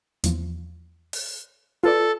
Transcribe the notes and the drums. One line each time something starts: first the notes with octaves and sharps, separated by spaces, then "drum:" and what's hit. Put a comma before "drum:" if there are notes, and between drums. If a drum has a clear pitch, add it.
E2 F3, drum: hi-hat
drum: open hi-hat
F4 A4 B4 D5